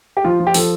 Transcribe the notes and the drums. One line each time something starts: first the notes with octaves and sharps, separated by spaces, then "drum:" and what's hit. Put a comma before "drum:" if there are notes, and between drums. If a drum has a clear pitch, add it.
G4
F3 F4
F3
G4
F3 A4, drum: open hi-hat